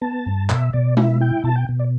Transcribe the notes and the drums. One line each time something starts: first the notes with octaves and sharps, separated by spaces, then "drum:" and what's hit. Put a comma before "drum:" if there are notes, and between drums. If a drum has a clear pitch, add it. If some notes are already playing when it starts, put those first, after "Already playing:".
B3 A5
G2
B2 E5, drum: clap
B2 D5
E4 E5, drum: tom G#3
E4 G5
B2 A5
G5
B2
D5